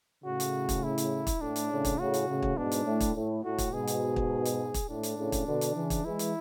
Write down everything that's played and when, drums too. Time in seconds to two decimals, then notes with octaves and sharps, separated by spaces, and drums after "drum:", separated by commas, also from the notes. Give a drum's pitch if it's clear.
0.25 A2 C#3 F#4
0.40 drum: hi-hat
0.69 drum: kick, hi-hat
0.83 E4
0.98 drum: hi-hat
1.27 drum: kick, hi-hat
1.41 A2 D4
1.56 drum: hi-hat
1.71 A2 C#3
1.85 drum: kick, hi-hat
1.99 A2 C#3 F#4
2.14 drum: hi-hat
2.28 A2 C#3
2.43 drum: kick
2.57 G#2 B2 D4
2.72 drum: hi-hat
2.85 A2
3.00 drum: kick, hi-hat
3.16 A2
3.43 A2 F#4
3.58 drum: kick, hi-hat
3.73 G#2 B2 G#4
3.87 drum: hi-hat
4.16 drum: kick
4.45 drum: hi-hat
4.74 drum: kick, hi-hat
4.88 A2 D4
5.03 drum: hi-hat
5.17 A2 C#3
5.32 drum: kick, hi-hat
5.47 B2 D3
5.61 drum: hi-hat
5.75 C#3 E3
5.90 drum: kick, hi-hat
6.05 E3 G#3 E4
6.19 drum: hi-hat